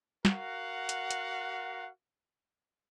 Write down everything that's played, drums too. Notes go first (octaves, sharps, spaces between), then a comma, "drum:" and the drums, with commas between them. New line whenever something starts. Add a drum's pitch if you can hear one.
F#4 A#4 F5 F#5, drum: snare
drum: hi-hat
drum: hi-hat